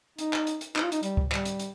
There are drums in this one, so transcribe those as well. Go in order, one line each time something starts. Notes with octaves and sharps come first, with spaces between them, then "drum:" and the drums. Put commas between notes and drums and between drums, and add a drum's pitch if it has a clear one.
D#4, drum: hi-hat
drum: clap
drum: hi-hat
drum: hi-hat
D#4, drum: clap
F4
D#4, drum: hi-hat
G3, drum: hi-hat
drum: kick C#2
G3, drum: clap
drum: hi-hat
drum: hi-hat